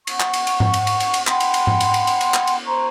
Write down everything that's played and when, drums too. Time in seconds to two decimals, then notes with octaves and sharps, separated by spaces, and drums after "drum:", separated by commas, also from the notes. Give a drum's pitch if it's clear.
0.07 F#5 C#6, drum: cymbal
0.20 drum: clap
0.33 drum: cymbal
0.47 drum: cymbal
0.60 drum: tom G#2
0.74 drum: cymbal
0.87 drum: cymbal
1.00 drum: cymbal
1.14 drum: cymbal
1.27 F#5 G5 B5 C6, drum: clap
1.40 drum: cymbal
1.54 drum: cymbal
1.67 drum: tom G#2
1.81 drum: cymbal
1.94 drum: cymbal
2.07 drum: cymbal
2.21 drum: cymbal
2.34 drum: clap
2.47 drum: cymbal
2.66 C5 A#5 C6 C#6